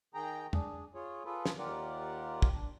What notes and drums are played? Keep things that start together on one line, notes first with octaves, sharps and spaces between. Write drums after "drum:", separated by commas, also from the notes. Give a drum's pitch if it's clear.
D#3 G#4 G5 A#5
D4 G#4, drum: tom E2
F4 G#4 C#5
F4 G#4 A4 B4
drum: snare
D#2 F4 G4 A#4 D5 F#5
drum: kick
D4